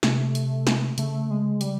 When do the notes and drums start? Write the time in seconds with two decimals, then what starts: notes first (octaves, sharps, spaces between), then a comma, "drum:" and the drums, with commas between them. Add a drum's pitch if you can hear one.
0.03 C3 A3, drum: snare
0.35 drum: hi-hat
0.67 drum: snare
0.98 C#3 A3, drum: hi-hat
1.30 G#3
1.61 G3, drum: hi-hat